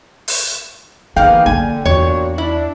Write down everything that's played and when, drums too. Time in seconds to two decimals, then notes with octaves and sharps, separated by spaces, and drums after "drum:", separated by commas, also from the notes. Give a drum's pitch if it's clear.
0.28 drum: open hi-hat
1.16 E3 A#3 B3 D#4 G#4 F5 G5
1.46 D3 F3 A#3 G#5
1.86 E2 A#2 D4 F#4 C#5
2.38 D4 E4